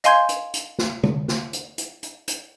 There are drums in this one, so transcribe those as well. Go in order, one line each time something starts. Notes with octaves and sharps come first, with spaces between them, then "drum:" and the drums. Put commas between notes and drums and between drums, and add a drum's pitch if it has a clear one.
D#5 F5 G#5 C6 G6 G#6, drum: hi-hat
drum: hi-hat
drum: hi-hat
drum: snare
drum: tom D3
drum: snare
drum: hi-hat
drum: hi-hat
drum: hi-hat
drum: hi-hat